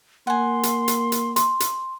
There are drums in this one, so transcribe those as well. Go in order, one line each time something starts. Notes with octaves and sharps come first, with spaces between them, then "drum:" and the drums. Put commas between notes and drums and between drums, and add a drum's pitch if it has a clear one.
A#3 F#5 G#5 C6
drum: hi-hat
drum: hi-hat
drum: hi-hat
C6, drum: hi-hat
drum: hi-hat